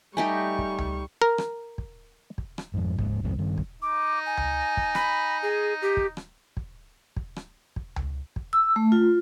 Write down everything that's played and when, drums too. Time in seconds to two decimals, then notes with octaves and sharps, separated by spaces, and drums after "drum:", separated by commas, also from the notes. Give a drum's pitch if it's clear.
0.17 G3 A3 D#4 G4 G#5 C#6
0.58 drum: kick
0.78 drum: tom C#2
1.22 A#4
1.38 drum: rim click
1.78 drum: kick
2.38 drum: kick
2.58 drum: rim click
2.74 F2 G#2
2.99 D1 G#2, drum: kick
3.24 C2 F2 G#2 C3
3.38 G2 D#3
3.58 drum: kick
3.82 D#4 D6
4.26 G#5
4.37 drum: tom C#2
4.77 drum: kick
4.95 B5, drum: rim click
5.43 G#4
5.82 G4
5.97 drum: kick
6.17 drum: rim click
6.57 drum: kick
7.16 drum: kick
7.36 drum: rim click
7.76 drum: kick
7.96 drum: tom C#2
8.36 drum: kick
8.53 E6
8.76 A3
8.92 F4